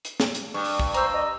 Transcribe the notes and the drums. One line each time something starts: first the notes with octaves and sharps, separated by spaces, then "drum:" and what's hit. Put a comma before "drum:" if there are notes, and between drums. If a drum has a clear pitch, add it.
drum: hi-hat
drum: snare
drum: hi-hat
G2 C#6
drum: open hi-hat
drum: kick
C5 A#5 E6, drum: hi-hat
D#5